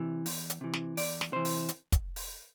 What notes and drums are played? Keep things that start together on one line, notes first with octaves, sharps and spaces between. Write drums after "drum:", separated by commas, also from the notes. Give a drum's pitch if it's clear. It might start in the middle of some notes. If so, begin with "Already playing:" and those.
Already playing: C3 E3
E2, drum: open hi-hat
drum: hi-hat
C3 E3
drum: snare
E2 D5, drum: open hi-hat
drum: snare
C3 E3 C5
drum: open hi-hat
drum: hi-hat
drum: kick, hi-hat
drum: open hi-hat